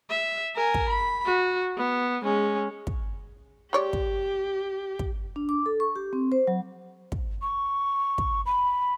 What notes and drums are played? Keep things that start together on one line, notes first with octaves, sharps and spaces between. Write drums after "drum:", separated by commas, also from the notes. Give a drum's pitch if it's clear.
E5
A#4 G#5
drum: kick
B5
F#4
B3
G#3 C#4
drum: kick
G#3 G4 C#5 D5
drum: kick
drum: kick
D4
D6
A4
C#6
G4
C4
C5
F#3
drum: kick
C#6
drum: kick
B5